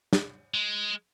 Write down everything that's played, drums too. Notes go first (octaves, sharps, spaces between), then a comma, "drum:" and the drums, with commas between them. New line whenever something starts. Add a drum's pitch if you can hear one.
drum: snare
G#3